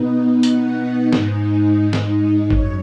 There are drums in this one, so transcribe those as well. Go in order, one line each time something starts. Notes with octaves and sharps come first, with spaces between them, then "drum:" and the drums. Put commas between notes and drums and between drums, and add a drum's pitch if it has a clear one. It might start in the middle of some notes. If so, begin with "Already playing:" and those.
Already playing: B2 B3 D#4
F#5, drum: hi-hat
G#2 G#3 D#4, drum: snare
drum: snare
F#2 C#5, drum: kick G#1